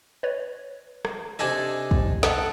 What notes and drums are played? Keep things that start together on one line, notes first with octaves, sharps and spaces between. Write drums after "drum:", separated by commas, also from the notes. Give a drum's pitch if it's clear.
B4 C#5
drum: rim click
C3 D4 D#4 A4 D5 G#5
drum: kick
A4 F#5, drum: snare